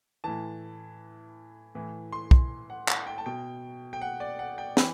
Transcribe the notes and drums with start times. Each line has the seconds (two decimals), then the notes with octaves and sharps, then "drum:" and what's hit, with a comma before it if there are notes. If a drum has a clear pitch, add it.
0.24 A2 E3 A5
1.75 A2 E3
2.12 C6
2.31 drum: kick
2.70 F#5
2.88 F#5, drum: clap
3.07 G5
3.18 A5
3.26 B2 G5
3.93 G5
4.01 F#5
4.20 D5
4.39 F#5
4.58 G5
4.77 E3 B5, drum: snare